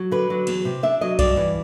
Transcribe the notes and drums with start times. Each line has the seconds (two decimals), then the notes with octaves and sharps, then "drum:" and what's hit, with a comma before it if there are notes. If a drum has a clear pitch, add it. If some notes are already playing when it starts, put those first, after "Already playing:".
Already playing: F#3
0.11 D3 B4
0.30 F#3
0.47 E2, drum: cymbal
0.65 C3
0.83 D4 E5
1.01 F#3 D#5
1.19 G2 D5, drum: kick B1, cymbal
1.37 E3